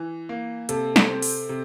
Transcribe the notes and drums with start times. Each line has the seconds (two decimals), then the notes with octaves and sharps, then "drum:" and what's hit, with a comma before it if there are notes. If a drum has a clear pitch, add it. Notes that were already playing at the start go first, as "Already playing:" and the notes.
Already playing: E3
0.29 A#3
0.69 C3 A4, drum: hi-hat
0.96 drum: snare
1.09 C4
1.22 drum: open hi-hat
1.49 C3